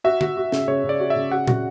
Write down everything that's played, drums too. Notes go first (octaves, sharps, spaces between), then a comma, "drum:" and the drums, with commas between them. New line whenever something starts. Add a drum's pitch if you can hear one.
F#4 E5
F#4, drum: tom
F#4
C#3, drum: snare
C#3 C#5
C#3
D5
F#4
E5
C#3
F#4 F#5
F#4, drum: tom